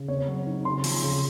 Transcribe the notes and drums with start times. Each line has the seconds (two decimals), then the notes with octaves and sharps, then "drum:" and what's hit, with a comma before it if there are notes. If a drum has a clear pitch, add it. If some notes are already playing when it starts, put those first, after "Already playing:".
Already playing: C#3
0.08 C4 C#5
0.28 F#3
0.47 D#4
0.65 C#3 C6
0.84 F3, drum: open hi-hat
1.03 C#3